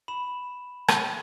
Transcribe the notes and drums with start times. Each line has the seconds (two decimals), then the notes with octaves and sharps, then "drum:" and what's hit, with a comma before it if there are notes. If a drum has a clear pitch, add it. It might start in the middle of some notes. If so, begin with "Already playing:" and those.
0.08 B5 E7
0.88 drum: rim click